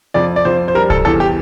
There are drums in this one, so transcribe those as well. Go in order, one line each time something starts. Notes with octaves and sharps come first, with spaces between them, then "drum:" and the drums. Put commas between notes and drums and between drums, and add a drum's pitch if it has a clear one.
F2 D5
D5
F2 C5
C5
G3 A#4
A4, drum: kick C2
E2 A4
G4